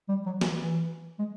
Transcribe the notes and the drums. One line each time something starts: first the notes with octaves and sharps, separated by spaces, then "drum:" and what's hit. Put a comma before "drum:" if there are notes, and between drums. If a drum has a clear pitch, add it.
G3
F#3
E3, drum: snare
E3
G#3